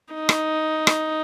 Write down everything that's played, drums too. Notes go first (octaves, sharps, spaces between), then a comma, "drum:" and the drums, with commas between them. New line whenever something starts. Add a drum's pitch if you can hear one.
D#4
drum: rim click
drum: rim click